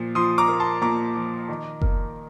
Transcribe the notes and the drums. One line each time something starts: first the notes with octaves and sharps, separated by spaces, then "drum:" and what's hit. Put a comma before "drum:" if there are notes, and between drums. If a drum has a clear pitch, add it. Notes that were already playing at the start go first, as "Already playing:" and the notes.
Already playing: A#2 F3
F3 C6 D#6
A#5 D6
A#3
A5 C6
A#2 A#5 D6
F3
D#3
A#3, drum: kick F#1